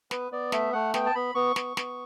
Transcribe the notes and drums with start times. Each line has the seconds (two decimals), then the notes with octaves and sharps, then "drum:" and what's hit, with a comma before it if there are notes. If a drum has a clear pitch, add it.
0.11 B3 B4, drum: snare
0.32 B3 D5
0.52 A3 E5, drum: snare
0.73 A3 F#5
0.94 B3 G5, drum: snare
1.06 A5
1.15 B3 B5
1.35 B3 C#6
1.56 B3, drum: snare
1.77 B3, drum: snare